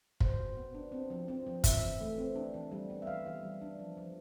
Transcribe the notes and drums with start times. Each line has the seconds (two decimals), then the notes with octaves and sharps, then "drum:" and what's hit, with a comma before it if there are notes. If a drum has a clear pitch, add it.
0.20 B2 C5, drum: kick
0.39 B2
0.57 B3
0.75 D4
0.92 C4
1.10 F3
1.28 C4
1.47 F3
1.64 E3 E5, drum: kick, hi-hat
1.82 E3
2.01 A3
2.18 C4
2.36 D4
2.54 E3
2.71 G3
2.90 B3
3.02 E5
3.07 E3 F5
3.26 E3
3.43 G3
3.61 D4
3.79 F3
3.97 F3